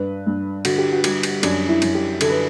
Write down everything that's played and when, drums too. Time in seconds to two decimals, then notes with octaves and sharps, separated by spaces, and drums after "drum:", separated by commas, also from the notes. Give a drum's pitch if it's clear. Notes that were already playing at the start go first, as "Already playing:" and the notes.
Already playing: G2 B4
0.27 G2
0.65 D3 F#4, drum: cymbal
0.78 G4
0.93 F#4
1.04 G3, drum: cymbal
1.23 drum: cymbal
1.43 F#2 D4, drum: cymbal
1.69 E4
1.82 F#2, drum: cymbal
1.95 G4
2.21 D3 A4, drum: cymbal
2.30 B4